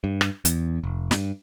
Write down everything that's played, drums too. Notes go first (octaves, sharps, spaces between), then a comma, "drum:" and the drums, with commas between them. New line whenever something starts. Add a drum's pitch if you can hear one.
G2
drum: rim click
E2, drum: hi-hat
F1
G2, drum: snare